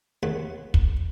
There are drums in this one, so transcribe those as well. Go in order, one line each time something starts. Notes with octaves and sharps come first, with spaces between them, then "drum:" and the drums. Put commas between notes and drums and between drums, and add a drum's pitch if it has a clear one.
A#1 D#2 F#5
drum: kick